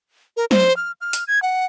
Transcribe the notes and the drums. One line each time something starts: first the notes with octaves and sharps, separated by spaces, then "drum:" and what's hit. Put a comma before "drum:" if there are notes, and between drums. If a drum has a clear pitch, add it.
A#4
C5, drum: snare
F6
F6
drum: hi-hat
G#6
F#5